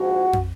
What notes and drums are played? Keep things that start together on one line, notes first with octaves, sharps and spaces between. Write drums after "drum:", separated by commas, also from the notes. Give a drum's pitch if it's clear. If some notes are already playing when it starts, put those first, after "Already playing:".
Already playing: A#1 G#2 F3 F#4
drum: tom